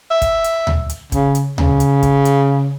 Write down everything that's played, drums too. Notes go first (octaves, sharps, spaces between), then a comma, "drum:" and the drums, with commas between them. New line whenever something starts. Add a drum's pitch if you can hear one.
E5
drum: kick, hi-hat
drum: hi-hat
drum: tom D2
drum: hi-hat
C#3, drum: kick, hi-hat
drum: hi-hat
C#3, drum: tom D2
drum: hi-hat
drum: kick, hi-hat
drum: hi-hat